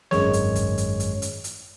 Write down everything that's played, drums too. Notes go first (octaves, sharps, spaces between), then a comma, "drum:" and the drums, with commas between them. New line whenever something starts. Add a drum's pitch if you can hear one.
G#1 F#2 G#3 C#5, drum: snare
drum: hi-hat
drum: kick, hi-hat
drum: hi-hat
drum: hi-hat
drum: hi-hat
drum: hi-hat